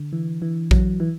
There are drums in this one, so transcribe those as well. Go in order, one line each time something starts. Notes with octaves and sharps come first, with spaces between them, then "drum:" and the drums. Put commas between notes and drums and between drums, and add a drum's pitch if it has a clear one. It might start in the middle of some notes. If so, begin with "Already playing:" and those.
Already playing: D3
E3
E3
F#3, drum: kick A#1
E3